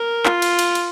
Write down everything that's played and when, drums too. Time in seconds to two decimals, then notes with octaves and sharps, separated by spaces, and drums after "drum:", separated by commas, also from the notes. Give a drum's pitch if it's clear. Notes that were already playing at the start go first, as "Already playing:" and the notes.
Already playing: A#4
0.26 F4, drum: clap
0.42 drum: cymbal
0.59 drum: cymbal
0.75 drum: cymbal